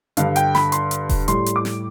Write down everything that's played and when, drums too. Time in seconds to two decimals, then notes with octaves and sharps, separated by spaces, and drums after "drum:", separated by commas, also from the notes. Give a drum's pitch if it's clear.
0.17 G2 D3 G3 F5, drum: hi-hat
0.36 G5, drum: hi-hat
0.55 B5, drum: snare
0.72 C6, drum: hi-hat
0.91 drum: hi-hat
1.09 drum: kick E1, open hi-hat
1.28 A2 G3 C6, drum: hi-hat
1.46 drum: hi-hat
1.56 D6
1.65 drum: snare